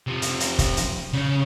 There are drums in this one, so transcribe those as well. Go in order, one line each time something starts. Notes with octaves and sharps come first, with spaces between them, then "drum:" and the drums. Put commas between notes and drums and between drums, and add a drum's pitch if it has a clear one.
C3 F3
drum: hi-hat
drum: hi-hat
drum: kick, hi-hat
drum: hi-hat
C#3 C#5